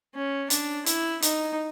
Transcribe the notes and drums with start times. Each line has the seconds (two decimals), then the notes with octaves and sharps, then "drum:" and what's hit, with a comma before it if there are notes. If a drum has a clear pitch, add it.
0.15 C#4
0.50 D4, drum: hi-hat
0.86 E4, drum: hi-hat
1.22 D#4, drum: hi-hat